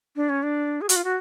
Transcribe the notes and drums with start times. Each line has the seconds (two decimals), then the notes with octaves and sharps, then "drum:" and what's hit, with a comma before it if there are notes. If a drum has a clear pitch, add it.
0.16 D4
0.29 C#4
0.43 D4
0.81 G#4
0.89 F#4, drum: hi-hat
0.96 F4
1.04 F#4